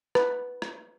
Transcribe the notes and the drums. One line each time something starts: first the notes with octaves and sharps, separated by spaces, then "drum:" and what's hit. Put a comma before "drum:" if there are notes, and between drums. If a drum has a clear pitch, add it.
B4, drum: rim click
drum: rim click